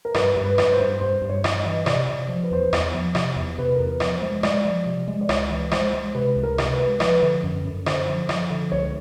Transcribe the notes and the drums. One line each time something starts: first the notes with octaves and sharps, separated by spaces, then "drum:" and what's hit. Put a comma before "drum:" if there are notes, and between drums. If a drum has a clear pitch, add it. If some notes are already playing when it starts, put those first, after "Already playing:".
A#4
G2 B4, drum: rim click
G2
B4
G2 B4, drum: rim click
C5
G2
G2 C5
G2
C#5
G2, drum: rim click
D#5
E3
C3 D5, drum: rim click
C3
F3
B4
E2 C5
B4
E2, drum: rim click
F3
C3, drum: rim click
E2
C3 B4
E2 A#4
B4
F3, drum: rim click
C5
G#3
G#3 D5, drum: rim click
F3
C3
G#3
D5
C#2 C#5, drum: rim click
E3
G#3 C5, drum: rim click
G#3
C3 B4
C#2
A#4
C3, drum: rim click
B4
G#3
F3 B4, drum: rim click
D3
F#2
F#2
D3 C5, drum: rim click
F3
F3, drum: rim click
D3
C#2 C#5